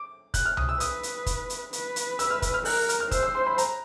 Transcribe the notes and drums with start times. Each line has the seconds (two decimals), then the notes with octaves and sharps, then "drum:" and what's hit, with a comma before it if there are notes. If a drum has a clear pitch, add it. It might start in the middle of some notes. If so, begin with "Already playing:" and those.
Already playing: D6
0.34 F#6, drum: kick, hi-hat
0.45 F6
0.57 D#6, drum: tom C2
0.69 E6
0.80 B4 D#6, drum: hi-hat
1.03 drum: hi-hat
1.26 drum: kick, hi-hat
1.50 drum: hi-hat
1.73 B4, drum: hi-hat
1.96 drum: hi-hat
2.19 E6, drum: hi-hat
2.30 F6
2.42 drum: kick, hi-hat
2.54 F6
2.65 A#4 F#6, drum: open hi-hat
2.77 F6
2.89 F6, drum: hi-hat
3.00 F6
3.11 C5 E6, drum: kick, hi-hat
3.23 E6
3.35 C6
3.46 B5
3.58 A#5, drum: hi-hat